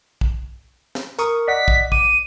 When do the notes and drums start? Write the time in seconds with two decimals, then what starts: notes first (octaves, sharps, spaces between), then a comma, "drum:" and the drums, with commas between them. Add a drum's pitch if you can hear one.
0.21 drum: kick
0.95 drum: snare
1.19 A#4 C#6 D#6, drum: hi-hat
1.48 D5 D#5 F#5 B6
1.68 drum: kick
1.92 D6 D#7, drum: kick